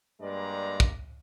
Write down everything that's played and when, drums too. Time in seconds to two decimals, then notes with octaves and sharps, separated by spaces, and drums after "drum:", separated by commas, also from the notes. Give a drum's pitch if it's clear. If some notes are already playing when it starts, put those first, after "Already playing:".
0.21 G2 G#3 A#3 D5 A#5
0.80 drum: kick